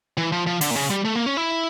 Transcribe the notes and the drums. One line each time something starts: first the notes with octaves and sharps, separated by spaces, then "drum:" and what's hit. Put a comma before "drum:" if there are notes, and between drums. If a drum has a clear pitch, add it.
E3
F3
F3
D3, drum: open hi-hat
A#2
C#3
G3
A3
A#3
C#4
E4